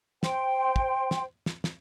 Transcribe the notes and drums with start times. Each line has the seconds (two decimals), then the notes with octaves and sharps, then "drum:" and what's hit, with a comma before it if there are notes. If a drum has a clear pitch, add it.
0.23 C5 G5 C6, drum: snare
0.76 drum: kick
1.11 drum: snare
1.46 drum: snare
1.64 drum: snare